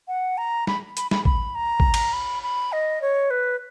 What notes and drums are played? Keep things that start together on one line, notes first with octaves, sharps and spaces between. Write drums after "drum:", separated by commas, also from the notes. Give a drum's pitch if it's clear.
F#5
A#5
B5, drum: snare
B5, drum: hi-hat
B5, drum: snare
B5, drum: kick
A#5
drum: kick
drum: cymbal
B5
B5
D#5
C#5
B4